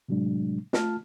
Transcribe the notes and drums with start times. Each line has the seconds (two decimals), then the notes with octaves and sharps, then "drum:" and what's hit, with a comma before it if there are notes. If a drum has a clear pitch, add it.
0.08 A2 C3 F#3 G#3 D4
0.73 A3 F4 A5 F6, drum: snare